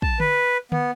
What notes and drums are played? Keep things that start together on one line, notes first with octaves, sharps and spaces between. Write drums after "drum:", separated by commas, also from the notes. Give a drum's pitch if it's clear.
A5, drum: kick
B4, drum: tom D3
B3, drum: tom D3